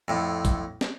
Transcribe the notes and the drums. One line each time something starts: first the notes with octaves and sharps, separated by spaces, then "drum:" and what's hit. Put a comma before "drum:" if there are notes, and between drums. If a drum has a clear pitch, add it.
F2 A2
drum: kick A#1, hi-hat
drum: snare